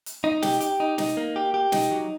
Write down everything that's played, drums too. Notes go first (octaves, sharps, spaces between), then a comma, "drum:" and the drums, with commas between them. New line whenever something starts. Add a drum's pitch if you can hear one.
drum: hi-hat
D#4
G4, drum: snare
G4, drum: hi-hat
D#4
D#4, drum: snare
A#3
G4
G4
D#4, drum: snare
F#3